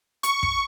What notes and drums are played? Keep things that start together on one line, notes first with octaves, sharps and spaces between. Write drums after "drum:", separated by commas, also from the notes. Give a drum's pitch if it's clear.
C#6, drum: hi-hat
drum: kick